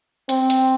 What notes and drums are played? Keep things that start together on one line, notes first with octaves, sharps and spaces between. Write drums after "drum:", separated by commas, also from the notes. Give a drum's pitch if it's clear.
C4, drum: hi-hat
drum: hi-hat